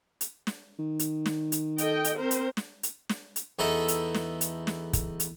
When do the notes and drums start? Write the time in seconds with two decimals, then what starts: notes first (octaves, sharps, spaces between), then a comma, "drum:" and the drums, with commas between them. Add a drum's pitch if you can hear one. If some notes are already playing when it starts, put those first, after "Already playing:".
0.21 drum: hi-hat
0.47 drum: snare
0.79 D#3
0.99 drum: hi-hat
1.26 drum: snare
1.52 drum: hi-hat
1.78 A4 D#5 G5, drum: hi-hat
2.04 drum: hi-hat
2.17 C4 A#4 C5
2.31 drum: hi-hat
2.57 drum: snare
2.83 drum: hi-hat
3.10 drum: snare
3.36 drum: hi-hat
3.59 E2 D#4 E4 A4
3.88 drum: hi-hat
4.15 drum: snare
4.41 drum: hi-hat
4.67 drum: snare
4.93 drum: kick, hi-hat
5.20 drum: hi-hat